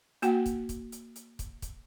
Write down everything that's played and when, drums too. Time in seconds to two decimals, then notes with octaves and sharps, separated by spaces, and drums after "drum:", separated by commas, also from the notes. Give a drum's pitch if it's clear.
0.22 A#3 F#4 F#5 G5, drum: hi-hat
0.46 drum: kick, hi-hat
0.69 drum: kick, hi-hat
0.92 drum: hi-hat
1.16 drum: hi-hat
1.39 drum: kick, hi-hat
1.62 drum: kick, hi-hat